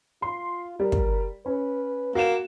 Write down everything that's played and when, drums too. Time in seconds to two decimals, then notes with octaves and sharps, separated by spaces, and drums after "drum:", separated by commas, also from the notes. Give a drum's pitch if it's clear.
0.22 F4 C6
0.79 G3 A#4
0.92 drum: kick
1.46 C#4 B4
2.15 A#3 F#4 E7